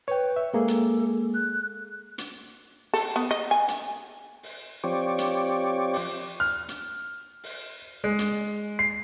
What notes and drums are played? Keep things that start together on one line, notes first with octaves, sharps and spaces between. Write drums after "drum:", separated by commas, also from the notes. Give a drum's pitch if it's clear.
B4 C#5 G5
E5
G#3 A#3 G#4 A4
drum: hi-hat
F#6
drum: hi-hat
A4, drum: open hi-hat
B3
D#5
G#5
drum: hi-hat
drum: open hi-hat
F3 C4 G4 C#5 D5
drum: hi-hat
drum: open hi-hat
F6
drum: hi-hat
drum: open hi-hat
G#3
drum: hi-hat
C7